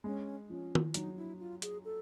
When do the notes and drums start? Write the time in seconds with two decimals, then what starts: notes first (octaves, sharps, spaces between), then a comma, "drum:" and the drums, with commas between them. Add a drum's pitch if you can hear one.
0.04 G#3 C#4
0.50 F3 C#4
0.75 drum: tom
0.94 F#3 D#4, drum: hi-hat
1.17 E4
1.40 F4
1.62 G#4, drum: hi-hat
1.85 A4